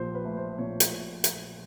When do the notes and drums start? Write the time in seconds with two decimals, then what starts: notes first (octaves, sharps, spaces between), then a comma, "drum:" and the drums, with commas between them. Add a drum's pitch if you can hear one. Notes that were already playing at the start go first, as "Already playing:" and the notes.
Already playing: A#1 A#2 F3 C5
0.15 B4
0.25 A3
0.37 C5
0.58 A#2 C#5
0.80 drum: hi-hat
1.24 drum: hi-hat